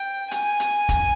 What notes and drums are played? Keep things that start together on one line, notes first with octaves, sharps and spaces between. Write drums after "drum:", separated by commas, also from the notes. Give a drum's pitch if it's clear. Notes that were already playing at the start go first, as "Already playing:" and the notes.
Already playing: G5
G#5, drum: hi-hat
drum: hi-hat
drum: kick, hi-hat